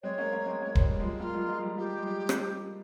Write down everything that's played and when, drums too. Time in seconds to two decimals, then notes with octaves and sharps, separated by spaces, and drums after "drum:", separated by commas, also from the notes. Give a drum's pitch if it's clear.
0.03 G#3 C4 C#5
0.18 A#3 C#4
0.32 A#3 C#4
0.46 G#3 C4
0.61 A#3 C#4
0.75 G#3, drum: kick D#1
0.80 G3
1.00 F3 G#3
1.19 G3 A#3 F4
1.34 F3 G#3
1.44 A#3
1.48 F3 G#3
1.62 G3
1.77 F3 G4
1.98 G#3
2.07 G3
2.29 drum: rim click